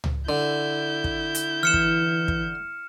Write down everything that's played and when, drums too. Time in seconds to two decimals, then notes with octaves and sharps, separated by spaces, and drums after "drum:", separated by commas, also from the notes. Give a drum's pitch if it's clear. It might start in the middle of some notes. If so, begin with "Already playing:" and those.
0.04 drum: tom C#2
0.29 D3 E4 G6
1.04 drum: kick
1.35 drum: hi-hat
1.63 E3 F6 C#7 E7
1.74 drum: kick
2.28 drum: kick